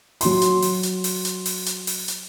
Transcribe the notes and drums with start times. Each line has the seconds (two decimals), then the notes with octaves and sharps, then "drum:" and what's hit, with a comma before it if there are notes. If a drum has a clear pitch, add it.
0.21 F#3 C6, drum: open hi-hat
0.42 drum: hi-hat
0.62 drum: open hi-hat
0.83 drum: hi-hat
1.04 drum: open hi-hat
1.25 drum: hi-hat
1.46 drum: open hi-hat
1.66 drum: hi-hat
1.87 drum: open hi-hat
2.08 drum: hi-hat